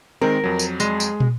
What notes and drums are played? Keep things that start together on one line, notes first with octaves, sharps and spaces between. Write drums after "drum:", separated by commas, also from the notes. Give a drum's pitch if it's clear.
D#3 G#3 C4 A#4
F2 F#3
drum: tambourine
G#3, drum: tambourine
drum: tambourine
drum: tom